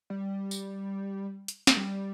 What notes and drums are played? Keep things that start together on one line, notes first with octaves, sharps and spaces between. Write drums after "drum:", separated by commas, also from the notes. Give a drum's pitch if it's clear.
G3
drum: tambourine
drum: hi-hat
A#3, drum: snare
G3